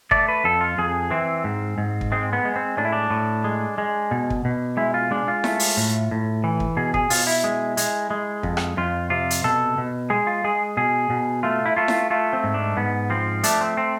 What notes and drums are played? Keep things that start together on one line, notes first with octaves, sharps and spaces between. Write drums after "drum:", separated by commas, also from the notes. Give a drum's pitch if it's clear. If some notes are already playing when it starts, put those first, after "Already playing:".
A3 D5, drum: kick
B4
F2 A4
F4
F2 G#4
E3 C4
G#2
G#2
drum: kick
G#3 C4
B3
G#3
C4
A2 D4
E4
D4
A2
G#3
G#3
B2
drum: kick
B2
G#3 E4
F4
G#3 D4
F4
A3, drum: snare E4
drum: open hi-hat
A2
A2
E3
drum: kick
B2 G#4
G#4, drum: kick
B2 F4, drum: open hi-hat
E4
G#3
G#3, drum: hi-hat
G#3
F2, drum: kick
drum: rim click
F2 F4
C3 F4
drum: hi-hat
B2 A4
B2
G#3 G#4
F4
G#3 G#4
B2 G#4
B2
A3 F4
E4
A3 F4
drum: snare E4
A3 F4
C4
G#2
D4
G#2 B3
F3 C4
A3 D4, drum: hi-hat
C4
C4